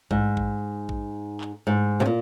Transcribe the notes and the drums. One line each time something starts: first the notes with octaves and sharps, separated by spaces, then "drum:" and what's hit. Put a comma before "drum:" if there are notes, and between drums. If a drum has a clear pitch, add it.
G#2, drum: kick A1
drum: kick A1
drum: kick A1
drum: clap
G#2
C3
A#2